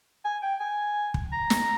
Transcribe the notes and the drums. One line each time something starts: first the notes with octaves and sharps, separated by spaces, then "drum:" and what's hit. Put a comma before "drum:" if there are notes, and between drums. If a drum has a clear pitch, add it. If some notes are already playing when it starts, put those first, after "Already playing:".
G#5
G5
G#5
drum: kick
A#5
drum: snare